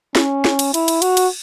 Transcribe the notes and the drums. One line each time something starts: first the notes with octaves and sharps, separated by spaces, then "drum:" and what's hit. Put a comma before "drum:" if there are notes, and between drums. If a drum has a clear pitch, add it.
C#4, drum: snare
drum: snare
drum: cymbal
E4, drum: cymbal
drum: cymbal
F#4, drum: cymbal
drum: cymbal